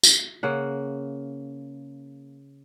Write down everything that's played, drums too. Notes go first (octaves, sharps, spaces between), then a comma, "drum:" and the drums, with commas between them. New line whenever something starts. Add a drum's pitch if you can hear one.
drum: tambourine
C#3 A#3 F#5